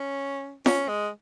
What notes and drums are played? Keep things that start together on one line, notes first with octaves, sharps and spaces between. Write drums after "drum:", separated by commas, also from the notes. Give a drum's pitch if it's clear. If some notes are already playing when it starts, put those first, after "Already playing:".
Already playing: C#4
C#4, drum: snare
G#3